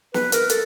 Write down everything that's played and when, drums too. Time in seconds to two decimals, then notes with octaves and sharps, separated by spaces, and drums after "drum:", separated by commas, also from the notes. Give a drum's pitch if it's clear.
0.14 B4, drum: snare
0.32 A#4, drum: hi-hat
0.50 A4, drum: hi-hat